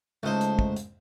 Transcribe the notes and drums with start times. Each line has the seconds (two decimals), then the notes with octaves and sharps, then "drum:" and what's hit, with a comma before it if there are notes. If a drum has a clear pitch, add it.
0.23 C#2 A3 D#4 C5
0.41 drum: hi-hat
0.59 drum: kick
0.76 drum: hi-hat